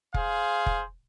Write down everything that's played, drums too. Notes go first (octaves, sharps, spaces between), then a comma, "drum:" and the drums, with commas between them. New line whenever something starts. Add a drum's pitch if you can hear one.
G#4 C5 F5, drum: kick F1
drum: kick F1